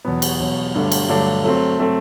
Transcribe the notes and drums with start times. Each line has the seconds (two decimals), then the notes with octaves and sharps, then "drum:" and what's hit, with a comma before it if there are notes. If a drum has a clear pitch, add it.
0.05 E2 B2 F#3 B3
0.22 drum: cymbal
0.40 E2 B2 F#3 B3
0.75 G2 D3 F#3 A3 D4
0.92 drum: cymbal
1.08 G2 D3 F#3 A3 D4
1.44 F#3 A3 C4
1.79 F#3 A3 C4